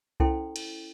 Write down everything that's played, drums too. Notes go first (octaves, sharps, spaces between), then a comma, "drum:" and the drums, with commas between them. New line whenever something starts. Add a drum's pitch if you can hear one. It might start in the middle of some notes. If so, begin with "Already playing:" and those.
C#4 E4 A4 C5 G5 C6, drum: kick C2
drum: cymbal